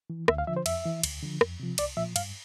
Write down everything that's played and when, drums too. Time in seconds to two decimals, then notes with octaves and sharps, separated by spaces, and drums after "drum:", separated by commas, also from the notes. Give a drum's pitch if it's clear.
0.10 E3
0.28 D2 E5, drum: rim click
0.38 F5
0.47 D3 F3 E5
0.57 C5
0.66 F2 E5, drum: cymbal
0.85 E3
1.03 D2, drum: cymbal
1.22 D3 F3
1.41 F2, drum: rim click
1.60 C3 F3
1.78 C2 D5, drum: cymbal
1.97 A#2 F3 E5
2.16 G2 F5, drum: cymbal